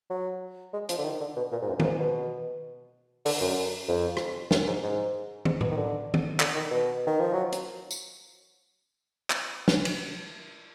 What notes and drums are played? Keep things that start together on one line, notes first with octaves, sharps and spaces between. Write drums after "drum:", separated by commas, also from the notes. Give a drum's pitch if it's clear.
F#3
G#3
F3, drum: hi-hat
D3
D#3
D3
B2
A#2
G#2
F#2
A#2, drum: tom
G#2
B2
D3, drum: open hi-hat
F#2
F2
drum: rim click
F#2, drum: snare
G#2
G#2
G#2, drum: tom
B2, drum: tom A2
D#3
D3
drum: tom
D3, drum: clap
D#3
B2
D#3
F3
F#3
drum: hi-hat
drum: tambourine
drum: clap
drum: snare
drum: cymbal